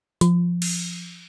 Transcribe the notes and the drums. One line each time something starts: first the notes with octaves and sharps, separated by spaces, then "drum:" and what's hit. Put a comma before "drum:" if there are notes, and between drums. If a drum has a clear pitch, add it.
F3, drum: hi-hat
drum: cymbal